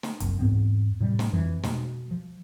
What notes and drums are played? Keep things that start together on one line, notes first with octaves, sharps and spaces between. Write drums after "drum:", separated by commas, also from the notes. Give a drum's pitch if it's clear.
drum: snare
F#1 C2, drum: hi-hat
E2 G#2 B3 C4
A2 C3 G3
drum: snare
F2 E3
B2 G#3, drum: snare
F3